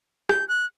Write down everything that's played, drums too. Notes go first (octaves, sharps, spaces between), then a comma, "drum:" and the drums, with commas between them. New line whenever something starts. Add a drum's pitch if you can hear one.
G6, drum: rim click
F#6